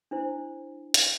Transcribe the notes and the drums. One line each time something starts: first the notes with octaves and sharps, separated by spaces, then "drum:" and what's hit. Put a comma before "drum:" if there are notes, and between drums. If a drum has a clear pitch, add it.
D4 E4 C5
drum: hi-hat